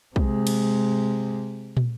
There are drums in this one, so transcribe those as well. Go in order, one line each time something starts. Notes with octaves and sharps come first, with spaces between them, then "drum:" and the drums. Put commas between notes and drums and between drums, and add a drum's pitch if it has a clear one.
C3 G#3, drum: kick
drum: cymbal
drum: tom